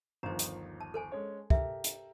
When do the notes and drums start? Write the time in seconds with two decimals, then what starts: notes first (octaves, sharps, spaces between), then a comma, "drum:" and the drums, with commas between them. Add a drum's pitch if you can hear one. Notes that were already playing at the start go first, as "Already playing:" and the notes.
0.23 G1 D#2 F3 C5 A#5
0.39 drum: hi-hat
0.81 A5
0.94 A4 C5 G#5
1.12 G#3 C#4 C#5
1.50 G4 A4 A#4 E5, drum: kick
1.84 drum: hi-hat